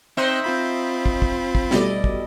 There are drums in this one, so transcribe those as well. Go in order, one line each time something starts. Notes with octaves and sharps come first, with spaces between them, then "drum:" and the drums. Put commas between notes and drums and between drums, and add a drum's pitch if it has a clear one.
C4 D#4 C5 E5 G5 F#6
C4 F4 B5
drum: kick
drum: kick
drum: kick
B2 G3 A3 E4 D5 D#5, drum: snare
drum: kick